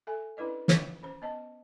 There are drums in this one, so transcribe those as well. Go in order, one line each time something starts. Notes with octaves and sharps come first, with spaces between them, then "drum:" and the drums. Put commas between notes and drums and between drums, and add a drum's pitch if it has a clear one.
A4 E5 G#5
C#4 D4 E4 B4 D5 D#5
drum: snare
C#4 C5 A#5
B3 D#5 A5